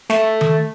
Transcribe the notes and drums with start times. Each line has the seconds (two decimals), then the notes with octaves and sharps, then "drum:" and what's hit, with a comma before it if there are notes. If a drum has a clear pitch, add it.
0.10 A3, drum: snare
0.41 drum: tom D#3